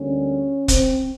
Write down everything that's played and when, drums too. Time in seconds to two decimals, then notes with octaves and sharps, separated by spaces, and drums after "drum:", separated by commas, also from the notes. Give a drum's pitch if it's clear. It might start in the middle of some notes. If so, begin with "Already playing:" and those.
Already playing: D2 D3 G3 A#3 C#4
0.68 C4, drum: kick, hi-hat